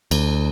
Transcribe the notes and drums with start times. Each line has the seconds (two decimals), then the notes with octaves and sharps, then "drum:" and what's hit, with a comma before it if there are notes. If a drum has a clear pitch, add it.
0.11 D2, drum: cymbal